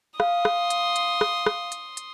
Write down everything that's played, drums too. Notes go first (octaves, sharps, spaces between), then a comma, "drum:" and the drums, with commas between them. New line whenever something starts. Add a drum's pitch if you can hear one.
F5 C6 D#6, drum: rim click
drum: rim click
drum: hi-hat
drum: hi-hat
drum: rim click
drum: rim click
drum: hi-hat
drum: hi-hat